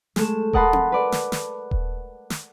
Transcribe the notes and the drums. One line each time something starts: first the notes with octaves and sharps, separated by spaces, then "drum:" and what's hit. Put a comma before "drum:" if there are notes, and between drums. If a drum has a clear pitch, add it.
G#3 A3 E7, drum: snare
A#4 D#5 F#5 A5 B5 C6, drum: kick D#1
drum: tom C4
B4 D5
drum: snare
drum: snare
drum: kick D#1
drum: snare